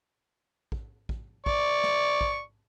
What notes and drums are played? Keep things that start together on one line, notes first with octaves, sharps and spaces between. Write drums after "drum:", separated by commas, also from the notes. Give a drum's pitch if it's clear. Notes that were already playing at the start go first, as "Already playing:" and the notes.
drum: kick
drum: kick
D5 C#6, drum: kick
drum: snare
drum: kick